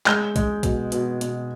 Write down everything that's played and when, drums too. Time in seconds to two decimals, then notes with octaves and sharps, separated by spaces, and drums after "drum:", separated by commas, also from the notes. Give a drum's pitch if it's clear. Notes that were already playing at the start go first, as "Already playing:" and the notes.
0.06 G#3 G6, drum: clap
0.36 G#3, drum: kick, hi-hat
0.63 B2, drum: kick, hi-hat
0.92 B2, drum: hi-hat
1.21 B2, drum: hi-hat